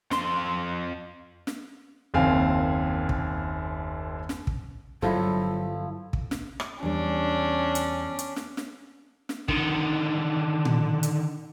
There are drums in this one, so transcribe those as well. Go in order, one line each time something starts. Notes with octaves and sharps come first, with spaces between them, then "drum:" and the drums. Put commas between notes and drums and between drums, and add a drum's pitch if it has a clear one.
F2 C6, drum: snare
drum: snare
F#1 D#2 C4 F5 G#5
drum: kick
drum: snare
drum: kick
G1 G2 F3 F#3 E4 A4
drum: kick
drum: snare
drum: rim click
E2 G3 C#4 D4
drum: hi-hat
drum: hi-hat
drum: snare
drum: snare
drum: snare
D3 D#3, drum: kick
drum: tom A#2
drum: hi-hat